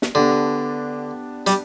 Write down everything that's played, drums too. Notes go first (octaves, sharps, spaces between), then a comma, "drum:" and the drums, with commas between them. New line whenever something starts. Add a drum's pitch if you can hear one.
drum: snare
D3 B3 D4 G4
G3, drum: hi-hat